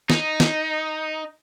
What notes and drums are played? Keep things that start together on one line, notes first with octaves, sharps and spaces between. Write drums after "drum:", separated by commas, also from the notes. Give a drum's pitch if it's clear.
D#4, drum: snare
drum: snare